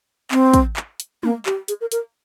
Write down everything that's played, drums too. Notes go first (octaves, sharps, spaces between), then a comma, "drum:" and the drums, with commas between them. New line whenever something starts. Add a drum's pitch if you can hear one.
C4, drum: clap
drum: kick, hi-hat
drum: clap
drum: hi-hat
A#3, drum: tom
G4, drum: clap
G#4, drum: hi-hat
A#4
A#4, drum: hi-hat